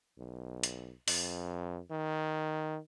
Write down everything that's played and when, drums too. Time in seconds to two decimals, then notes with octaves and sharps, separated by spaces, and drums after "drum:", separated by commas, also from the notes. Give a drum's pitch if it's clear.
0.18 B1
0.63 drum: hi-hat
1.08 F2, drum: open hi-hat
1.91 D#3